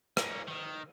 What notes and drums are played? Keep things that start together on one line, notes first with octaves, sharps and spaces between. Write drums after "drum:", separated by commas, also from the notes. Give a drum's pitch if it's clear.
A#3 C#4, drum: rim click
D#3